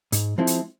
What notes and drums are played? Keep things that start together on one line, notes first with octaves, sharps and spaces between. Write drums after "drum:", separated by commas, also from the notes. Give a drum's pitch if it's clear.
G#2, drum: hi-hat
F3 G#3 C4 E4
drum: hi-hat